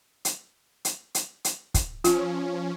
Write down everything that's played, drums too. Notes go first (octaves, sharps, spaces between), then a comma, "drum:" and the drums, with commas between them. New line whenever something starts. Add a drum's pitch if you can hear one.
drum: hi-hat
drum: hi-hat
drum: hi-hat
drum: hi-hat
drum: kick, hi-hat
F3 C#4 F4, drum: hi-hat